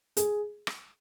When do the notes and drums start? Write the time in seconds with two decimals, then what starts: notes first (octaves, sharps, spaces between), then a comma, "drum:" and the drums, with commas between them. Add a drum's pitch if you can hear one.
0.17 G#4, drum: hi-hat
0.67 drum: rim click